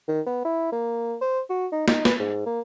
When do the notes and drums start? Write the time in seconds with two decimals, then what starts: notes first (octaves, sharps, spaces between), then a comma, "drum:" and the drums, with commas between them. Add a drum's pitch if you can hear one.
0.08 D#3
0.26 B3
0.45 E4
0.72 A#3
1.21 C5
1.50 F#4
1.72 D#4
1.88 D#4, drum: snare
2.05 B4, drum: snare
2.20 G#2
2.46 A#3